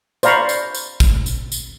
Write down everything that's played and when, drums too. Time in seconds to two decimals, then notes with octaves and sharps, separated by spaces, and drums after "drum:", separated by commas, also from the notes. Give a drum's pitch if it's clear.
0.23 C5 D5 F5 A#5 B5 C#6, drum: tambourine
0.49 drum: tambourine
0.75 drum: tambourine
1.00 drum: kick, tambourine
1.26 drum: tambourine
1.52 drum: tambourine